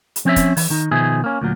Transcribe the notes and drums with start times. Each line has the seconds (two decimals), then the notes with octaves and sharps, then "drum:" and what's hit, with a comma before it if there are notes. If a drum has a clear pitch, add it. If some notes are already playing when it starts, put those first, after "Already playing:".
0.16 drum: hi-hat
0.25 F3 C4 C#4 C5 C#5 E5
0.36 drum: kick, hi-hat
0.57 E3, drum: open hi-hat
0.70 D#3 D#4
0.91 B2 D#3 F3 G#4 E5
1.24 A#3 C#4
1.41 D2 A#2 F#3